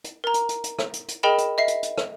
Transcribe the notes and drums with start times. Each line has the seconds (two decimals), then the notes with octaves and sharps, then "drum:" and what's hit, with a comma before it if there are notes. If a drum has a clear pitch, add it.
0.04 drum: hi-hat
0.24 A#4 A#5
0.34 drum: hi-hat
0.49 drum: hi-hat
0.64 drum: hi-hat
0.79 drum: rim click
0.93 drum: hi-hat
1.08 drum: hi-hat
1.23 G#4 A#4 D#5 G5 B5 E7
1.38 drum: hi-hat
1.58 D#5 E5 C7
1.68 drum: hi-hat
1.83 drum: hi-hat
1.98 drum: rim click